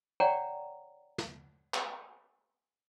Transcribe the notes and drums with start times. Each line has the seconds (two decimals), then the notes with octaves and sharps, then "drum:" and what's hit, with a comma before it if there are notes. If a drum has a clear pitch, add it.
0.20 C#5 D5 F#5 G5 A#5 C#6
1.18 drum: snare
1.74 drum: clap